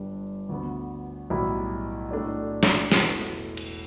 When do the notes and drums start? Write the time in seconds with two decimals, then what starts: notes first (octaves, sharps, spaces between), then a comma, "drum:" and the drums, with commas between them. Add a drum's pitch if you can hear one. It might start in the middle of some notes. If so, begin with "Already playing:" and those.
Already playing: G1 G2 G3 D4
0.49 D2 D3 B3
1.30 B1 A2 G3 E4
2.11 A2 A3 D4 A4 D5
2.63 drum: snare
2.92 E1 E2 E3 A3, drum: snare
3.57 drum: cymbal